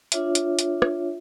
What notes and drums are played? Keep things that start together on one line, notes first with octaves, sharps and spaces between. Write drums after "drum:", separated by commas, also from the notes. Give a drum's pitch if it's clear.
D4 F4 C#5 E5, drum: hi-hat
drum: hi-hat
drum: hi-hat
drum: rim click